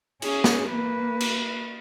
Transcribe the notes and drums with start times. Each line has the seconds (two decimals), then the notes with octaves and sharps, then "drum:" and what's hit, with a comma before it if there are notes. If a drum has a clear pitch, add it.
0.22 C#4 G#4, drum: cymbal
0.44 drum: snare
0.69 A#3 B4
1.20 drum: cymbal